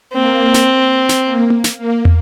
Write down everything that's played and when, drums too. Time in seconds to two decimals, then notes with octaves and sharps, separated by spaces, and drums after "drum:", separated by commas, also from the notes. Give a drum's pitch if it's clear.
0.13 A#3 C4
0.54 drum: snare
1.09 drum: snare
1.23 A#3
1.50 drum: tom A#3
1.64 drum: snare
1.78 A#3
2.05 drum: tom